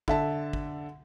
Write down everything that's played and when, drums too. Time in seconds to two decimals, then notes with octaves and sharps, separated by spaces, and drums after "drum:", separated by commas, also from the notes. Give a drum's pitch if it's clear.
0.08 D3 E5 A5, drum: kick
0.53 drum: kick